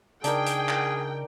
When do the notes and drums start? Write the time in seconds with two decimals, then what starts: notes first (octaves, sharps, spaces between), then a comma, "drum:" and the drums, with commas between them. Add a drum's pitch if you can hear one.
0.24 C#3 D4 D#4 G#4 A#4 G5, drum: hi-hat
0.46 drum: hi-hat
0.69 drum: clap